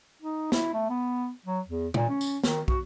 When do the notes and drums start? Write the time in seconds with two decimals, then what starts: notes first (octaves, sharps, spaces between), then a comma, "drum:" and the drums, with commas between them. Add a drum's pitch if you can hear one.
0.22 D#4
0.52 E4, drum: snare
0.73 A3
0.89 B3
1.46 F#3
1.68 E2
1.94 A#2, drum: tom
2.09 C#4
2.21 drum: tambourine
2.44 D#3, drum: snare
2.68 F#4, drum: kick